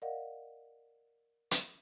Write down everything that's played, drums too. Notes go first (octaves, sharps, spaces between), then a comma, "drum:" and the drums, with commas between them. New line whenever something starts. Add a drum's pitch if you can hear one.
A#4 D5 D#5 F5 F#5
drum: hi-hat